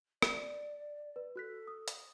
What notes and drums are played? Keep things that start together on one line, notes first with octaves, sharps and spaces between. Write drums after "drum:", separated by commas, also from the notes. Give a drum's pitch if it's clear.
D5, drum: rim click
B4
F#4 A4 F#6 B6
D#6
drum: hi-hat